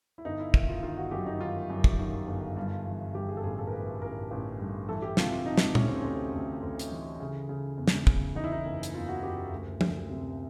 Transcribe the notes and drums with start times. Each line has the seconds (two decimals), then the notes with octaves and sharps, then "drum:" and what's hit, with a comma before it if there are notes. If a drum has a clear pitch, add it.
0.18 E4
0.25 G1 D#4
0.40 E4
0.54 D#3 E4, drum: kick
0.69 F4
0.83 D#3 F4
0.97 F#4
1.11 F#2 G4
1.26 D#4
1.41 D#3 F4
1.70 F#2
1.84 drum: kick
1.99 D#3
2.28 G1
2.57 G2
2.86 E3
3.14 G2 G4
3.29 G#4
3.37 A4
3.43 A1 G#4
3.58 A4
3.67 A#4
3.72 E3 B4
4.02 A1 A#4
4.31 A1
4.59 G2
4.88 E3 A4
5.02 G4
5.17 C3 F4, drum: snare
5.31 F4
5.46 C3 D#4
5.58 drum: snare
5.75 D2 C#4, drum: tom A#2
5.88 C4
6.01 D2 C#4
6.33 D2
6.62 D2
6.79 drum: hi-hat
6.91 E3
7.20 C#3
7.49 C#3
7.78 E2
7.88 drum: snare
8.07 C#3, drum: kick
8.35 E3 D#4
8.44 E4
8.52 D#4
8.65 F#1
8.83 drum: hi-hat
8.93 E2 F4
9.09 F#4
9.23 F#1 G4
9.51 D2
9.81 D2, drum: tom
10.09 C3